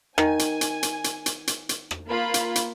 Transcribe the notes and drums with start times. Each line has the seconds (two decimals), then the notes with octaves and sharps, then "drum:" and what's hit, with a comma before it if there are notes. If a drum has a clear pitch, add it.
0.18 D#3 G#5, drum: rim click
0.39 drum: hi-hat
0.61 drum: hi-hat
0.83 drum: hi-hat
1.04 drum: hi-hat
1.26 drum: hi-hat
1.47 drum: hi-hat
1.69 drum: hi-hat
1.91 drum: rim click
2.09 A#3 F4 B5
2.34 drum: hi-hat
2.56 drum: hi-hat